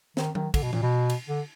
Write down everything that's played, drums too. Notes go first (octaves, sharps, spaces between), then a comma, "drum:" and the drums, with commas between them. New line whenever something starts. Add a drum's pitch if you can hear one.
D#3, drum: snare
D#3, drum: tom F#3
D3, drum: kick, cymbal
B2
A#2, drum: tom E3
B2
drum: cymbal
D3